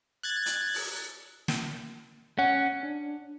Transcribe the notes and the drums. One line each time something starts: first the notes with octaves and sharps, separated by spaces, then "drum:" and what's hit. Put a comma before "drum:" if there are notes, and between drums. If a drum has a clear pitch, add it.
F#6 G#6 A6
drum: hi-hat
drum: open hi-hat
drum: snare
C#4 F#5
D4